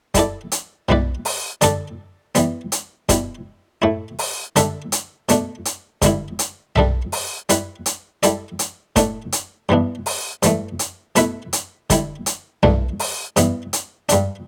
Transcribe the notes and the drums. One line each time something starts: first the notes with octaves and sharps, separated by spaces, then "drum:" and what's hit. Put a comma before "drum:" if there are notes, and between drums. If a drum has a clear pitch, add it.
G3 E4 A4 D5, drum: kick, hi-hat
drum: hi-hat
B2 G3 E4 B4 D5, drum: tom B1
drum: open hi-hat
D3 G3 D4 A4 D5, drum: hi-hat
E3 G3 B3, drum: hi-hat
drum: hi-hat
B2 G3 E4, drum: kick, hi-hat
A2 A3 E4
drum: open hi-hat
D3 G3 D4 A4 E5, drum: hi-hat
drum: hi-hat
B2 A3 D4, drum: hi-hat
drum: hi-hat
G2 D3 G3 E4, drum: kick, hi-hat
drum: hi-hat
G3 D4 A4 E5, drum: tom B1
drum: open hi-hat
G3 E4 B4, drum: hi-hat
drum: hi-hat
G3 E4 A4 D5, drum: hi-hat
drum: hi-hat
A2 A3 D4, drum: kick, hi-hat
drum: hi-hat
G2 E3 B3 D4
drum: open hi-hat
G2 E3 A3, drum: hi-hat
drum: hi-hat
B2 A3 E4 B4 E5, drum: hi-hat
drum: hi-hat
D3 G3 E4, drum: kick, hi-hat
drum: hi-hat
G2 E3 A3 D4, drum: tom B1
drum: open hi-hat
G2 E3 B3, drum: hi-hat
drum: hi-hat
G2 G3 D4, drum: hi-hat